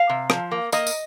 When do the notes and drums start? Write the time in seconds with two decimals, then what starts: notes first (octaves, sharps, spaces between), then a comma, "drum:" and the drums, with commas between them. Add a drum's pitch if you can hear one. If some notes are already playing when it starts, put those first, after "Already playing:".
Already playing: F5
0.10 C3
0.30 F3, drum: rim click
0.52 A#3
0.72 A#3 D#5, drum: tambourine
0.87 drum: tambourine